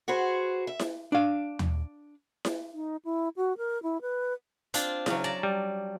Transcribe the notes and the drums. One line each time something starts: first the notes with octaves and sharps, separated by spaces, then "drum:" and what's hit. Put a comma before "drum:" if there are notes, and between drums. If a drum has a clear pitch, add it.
F#4 G#4 B4 C5
E5
drum: snare E4
D4 F5
drum: tom D#2
drum: snare E4
D#4
E4
F#4
A#4
E4
B4
C4 D4 F4, drum: hi-hat
C#3 F#3, drum: snare E4
D5 A5 A#5
G3